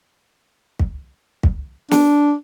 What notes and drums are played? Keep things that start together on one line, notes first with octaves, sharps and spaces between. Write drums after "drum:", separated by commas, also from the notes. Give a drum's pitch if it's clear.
drum: kick
drum: kick
D4, drum: snare